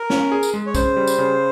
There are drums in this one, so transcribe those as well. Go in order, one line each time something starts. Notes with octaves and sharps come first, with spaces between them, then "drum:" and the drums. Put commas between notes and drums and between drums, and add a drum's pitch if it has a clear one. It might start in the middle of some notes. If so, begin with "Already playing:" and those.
Already playing: A#4
C#4, drum: snare
G#4
drum: tambourine
G#3
C#5
C#3 C5, drum: kick, tambourine
G3
drum: tambourine
C#3